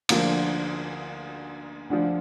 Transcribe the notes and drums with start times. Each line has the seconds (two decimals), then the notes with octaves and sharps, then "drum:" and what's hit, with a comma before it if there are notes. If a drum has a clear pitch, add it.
0.09 D2 D3 F3 A#3 D4, drum: cymbal
1.90 D2 D3 F3